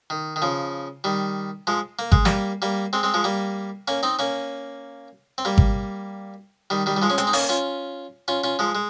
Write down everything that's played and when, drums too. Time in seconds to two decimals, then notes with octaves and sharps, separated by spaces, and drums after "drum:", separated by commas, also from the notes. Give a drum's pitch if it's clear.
0.10 D#3
0.36 D#3
0.42 C#3 F3
1.04 D#3 G3
1.67 F3 G#3
1.99 A#3
2.12 G#3, drum: kick G#1
2.25 G3 A#3, drum: snare
2.62 G3 A#3
2.93 G#3 C4
3.03 G#3 C4
3.14 F3 G#3
3.24 G3 A#3
3.88 A#3 C#4
4.03 C4 D#4
4.19 A#3 C#4
5.38 C4
5.45 G3 A#3
5.58 drum: kick G#1
6.70 D#3 G3
6.86 D#3 G3
6.96 G3
7.02 F3 G#3
7.10 C#4
7.18 G#3 C4, drum: hi-hat
7.27 D#4
7.33 A#3 C#4, drum: open hi-hat
7.49 C#4 F4
8.28 C#4 F4
8.44 C#4 F4
8.59 F3 G#3
8.75 G#3